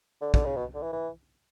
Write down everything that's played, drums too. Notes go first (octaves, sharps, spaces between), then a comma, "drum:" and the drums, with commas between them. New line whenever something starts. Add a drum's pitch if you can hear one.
D3
D3, drum: kick
C#3
B2
D3
E3
E3